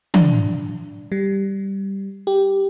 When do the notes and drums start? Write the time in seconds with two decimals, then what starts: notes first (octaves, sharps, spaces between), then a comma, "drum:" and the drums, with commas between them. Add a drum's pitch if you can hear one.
0.14 D4, drum: tom
1.12 G3
2.27 G4